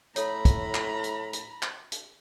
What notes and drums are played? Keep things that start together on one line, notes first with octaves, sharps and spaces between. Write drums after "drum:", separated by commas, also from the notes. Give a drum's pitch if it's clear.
A2 A4 C#5 A#5 B5, drum: hi-hat
drum: kick, hi-hat
drum: clap
drum: hi-hat
drum: hi-hat
drum: clap
drum: hi-hat